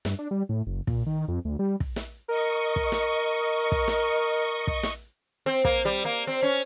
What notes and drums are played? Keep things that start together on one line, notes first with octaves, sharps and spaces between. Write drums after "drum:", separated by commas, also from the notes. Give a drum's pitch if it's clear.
G2, drum: snare
D4
G3
A2
F#1
A#2, drum: kick
D#3
F2
D2
G3
drum: kick
drum: snare
A#4 D#5 C#6
drum: kick
drum: snare
drum: kick
drum: snare
drum: kick
drum: snare
C4
A#3, drum: kick
G3
A#3
C4
C#4